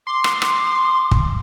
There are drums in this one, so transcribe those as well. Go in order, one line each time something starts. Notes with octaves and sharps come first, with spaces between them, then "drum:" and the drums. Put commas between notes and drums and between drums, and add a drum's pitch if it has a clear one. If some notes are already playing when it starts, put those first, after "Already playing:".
C6 D6
drum: rim click
drum: rim click
drum: kick